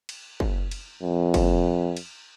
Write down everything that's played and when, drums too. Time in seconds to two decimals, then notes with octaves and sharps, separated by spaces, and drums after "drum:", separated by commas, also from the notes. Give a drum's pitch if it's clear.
0.09 drum: cymbal
0.40 drum: kick F#1
0.71 drum: cymbal
1.03 F2
1.34 drum: kick F#1, cymbal
1.97 drum: cymbal